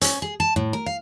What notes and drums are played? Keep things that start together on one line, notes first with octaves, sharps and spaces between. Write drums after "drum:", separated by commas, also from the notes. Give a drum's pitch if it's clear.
C#4, drum: hi-hat
G#4
A5
A2
A#4
F5